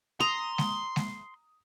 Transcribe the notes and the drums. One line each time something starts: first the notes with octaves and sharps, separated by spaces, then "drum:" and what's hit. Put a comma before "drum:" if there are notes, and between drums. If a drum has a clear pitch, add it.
A#5 C6 D#6
drum: snare G#3
drum: snare G#3